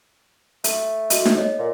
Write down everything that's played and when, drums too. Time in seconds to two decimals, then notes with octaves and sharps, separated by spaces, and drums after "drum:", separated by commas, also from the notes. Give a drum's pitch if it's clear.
0.64 A3, drum: hi-hat
1.10 F#4 D#5, drum: hi-hat
1.25 drum: snare D#4
1.36 A4 C#5 D#5
1.59 A#2